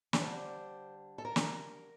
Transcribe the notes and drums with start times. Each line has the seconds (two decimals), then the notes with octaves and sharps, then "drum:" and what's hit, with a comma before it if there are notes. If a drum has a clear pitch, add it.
0.13 D5, drum: snare
0.20 D3 G3 D4 C5
1.18 A4
1.25 A#4
1.36 drum: snare